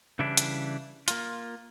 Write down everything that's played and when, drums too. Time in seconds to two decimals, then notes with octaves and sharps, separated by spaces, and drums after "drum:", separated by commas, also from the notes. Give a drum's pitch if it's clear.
0.19 C#3 E3 G3 D4 E4
0.37 drum: hi-hat
1.08 A#3 F4, drum: hi-hat